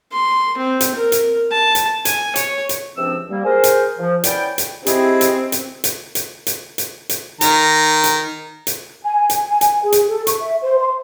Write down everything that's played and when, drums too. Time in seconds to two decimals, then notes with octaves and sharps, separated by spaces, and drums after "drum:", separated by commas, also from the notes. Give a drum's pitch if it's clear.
0.12 C6
0.57 C4
0.81 drum: hi-hat
0.95 A#4
1.12 drum: hi-hat
1.51 A5
1.75 drum: hi-hat
2.05 G#5, drum: hi-hat
2.36 C#5, drum: hi-hat
2.69 drum: hi-hat
2.96 C#2 C3 F3 C4 D4 E6
3.29 G3 A#3
3.44 G#4 A#4 C5
3.64 drum: hi-hat
3.98 F3
4.24 B3 C#4 E4 D5 G5, drum: hi-hat
4.58 drum: hi-hat
4.87 C4 E4 G4 G#4 D#5, drum: hi-hat
5.21 drum: hi-hat
5.52 drum: hi-hat
5.84 drum: hi-hat
6.15 drum: hi-hat
6.47 drum: hi-hat
6.78 drum: hi-hat
7.09 drum: hi-hat
7.41 D#3 A#5, drum: hi-hat
8.04 drum: hi-hat
8.67 drum: hi-hat
9.04 G#5
9.30 drum: hi-hat
9.45 G#5
9.61 drum: hi-hat
9.83 G#4
9.92 drum: hi-hat
10.09 A4
10.27 C#6, drum: hi-hat
10.39 E5
10.62 C5
10.78 C6